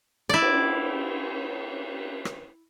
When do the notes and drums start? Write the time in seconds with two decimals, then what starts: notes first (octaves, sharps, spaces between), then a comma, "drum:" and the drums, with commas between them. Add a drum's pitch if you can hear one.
0.29 E4 D5
0.42 drum: cymbal
2.25 drum: rim click